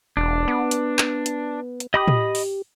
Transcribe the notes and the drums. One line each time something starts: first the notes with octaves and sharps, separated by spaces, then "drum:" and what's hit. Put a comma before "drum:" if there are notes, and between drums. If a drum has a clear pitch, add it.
E1 D4
B3
drum: hi-hat
drum: clap
drum: hi-hat
drum: hi-hat
G4 D#5 B5 D#6
drum: tom
drum: open hi-hat